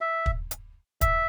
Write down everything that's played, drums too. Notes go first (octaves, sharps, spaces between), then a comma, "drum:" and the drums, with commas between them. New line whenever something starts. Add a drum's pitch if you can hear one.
E5
drum: kick
drum: hi-hat
E5, drum: kick, hi-hat